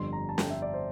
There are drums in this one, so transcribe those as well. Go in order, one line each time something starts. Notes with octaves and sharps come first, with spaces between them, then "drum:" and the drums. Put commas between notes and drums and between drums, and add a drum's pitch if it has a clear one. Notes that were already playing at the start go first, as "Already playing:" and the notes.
Already playing: G1 F2 D3 G3 C6
A#5
A5
G5, drum: snare
E5
D5
C5